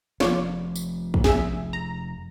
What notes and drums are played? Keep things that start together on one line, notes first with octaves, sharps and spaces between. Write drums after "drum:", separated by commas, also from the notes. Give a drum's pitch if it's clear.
F1 F3 F4 C#5 D5, drum: snare
drum: tambourine
drum: kick
G#4 E5, drum: snare
A#5